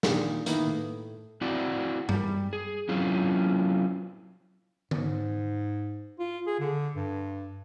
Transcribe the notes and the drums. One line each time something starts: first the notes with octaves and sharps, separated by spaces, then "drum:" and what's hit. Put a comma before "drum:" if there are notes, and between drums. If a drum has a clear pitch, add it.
A#2 D#3 D4 G4, drum: snare
D#3 A#3 B3 D#4 E4, drum: hi-hat
A2
C4 E4 F#4 D5 F#5
G3, drum: tom G2
G#4
F#3 C4 C#4 E4 F4
G#2, drum: tom D3
F4
G#4
D3
G2